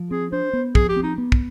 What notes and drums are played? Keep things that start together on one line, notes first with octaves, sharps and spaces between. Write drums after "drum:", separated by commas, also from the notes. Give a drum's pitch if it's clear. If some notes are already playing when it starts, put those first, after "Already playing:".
Already playing: F3
C4 G#4
D4 C5
B3
F3 G#4, drum: kick
G4
C4
D#4
B3
drum: kick